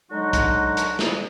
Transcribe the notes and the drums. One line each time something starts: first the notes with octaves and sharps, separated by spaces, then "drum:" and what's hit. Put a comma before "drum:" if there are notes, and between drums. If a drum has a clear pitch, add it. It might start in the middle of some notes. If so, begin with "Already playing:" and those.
D3 F#3 G#3 D#4 F#4
drum: kick, hi-hat
drum: hi-hat
drum: snare